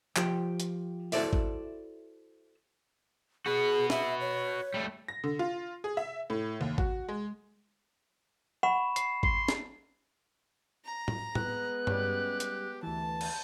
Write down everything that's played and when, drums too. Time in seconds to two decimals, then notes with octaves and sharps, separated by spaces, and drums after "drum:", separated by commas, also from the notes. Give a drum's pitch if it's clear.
0.16 F3 G4 C5, drum: clap
0.60 drum: hi-hat
1.12 E4 F#4 A4 C5 D5 E5, drum: open hi-hat
1.33 drum: kick G#1
3.46 F#4 G#4 B4
3.90 E5, drum: snare
4.21 C#5
4.74 G3 A3
5.08 A#6
5.24 D3
5.39 F4
5.84 G#4
5.97 E5
6.30 A2
6.61 D#2
6.78 F#4, drum: kick G#1
7.09 G#3
8.63 F#5 B5 C#6 E7
8.96 C7, drum: hi-hat
9.23 C6, drum: kick G#1
9.48 drum: snare
10.85 A#5
11.08 drum: tom A2
11.35 G#3 B3 F#6, drum: tom A2
11.87 G3 C#4 G4, drum: tom G2
12.40 drum: hi-hat
12.83 D2 E3 A5
13.21 drum: cymbal